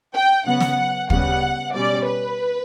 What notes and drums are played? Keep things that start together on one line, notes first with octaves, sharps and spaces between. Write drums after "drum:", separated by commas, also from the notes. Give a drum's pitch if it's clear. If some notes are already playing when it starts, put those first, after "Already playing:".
G5
C#3 F#3 B3 F#5
drum: snare
C#3 G3 B3 F#5, drum: kick
B2 G3 C#4 D5
B4